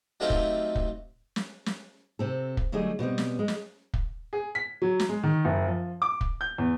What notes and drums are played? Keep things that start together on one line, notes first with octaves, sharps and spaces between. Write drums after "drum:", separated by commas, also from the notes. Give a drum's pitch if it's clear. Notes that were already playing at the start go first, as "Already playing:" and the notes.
F#3 G3 A3 C4 D#4 F4
drum: kick
drum: kick
drum: snare
drum: snare
C3 C4 A4
drum: kick
D3 F#3 G3 A3 G#4 D#5
B2 G3 B3 C4
drum: snare
G#3
drum: snare
drum: kick
G#4
B6
F#3
drum: snare
G#3
D#3
F#1
F3
D6
drum: kick
G6
E2